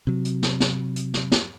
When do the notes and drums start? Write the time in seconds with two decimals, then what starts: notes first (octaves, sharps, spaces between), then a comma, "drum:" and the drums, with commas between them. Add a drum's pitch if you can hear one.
0.07 C3 F#3
0.25 drum: hi-hat
0.43 drum: snare
0.60 drum: snare
0.96 drum: hi-hat
1.14 drum: snare
1.32 drum: snare